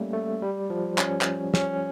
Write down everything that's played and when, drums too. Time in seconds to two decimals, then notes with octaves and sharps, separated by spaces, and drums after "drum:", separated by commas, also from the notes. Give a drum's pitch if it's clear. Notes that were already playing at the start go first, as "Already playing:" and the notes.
Already playing: G3 A3 A#3 C#4
0.13 A3
0.42 G3
0.70 F3
0.98 C#4, drum: clap
1.21 drum: clap
1.54 C#4, drum: snare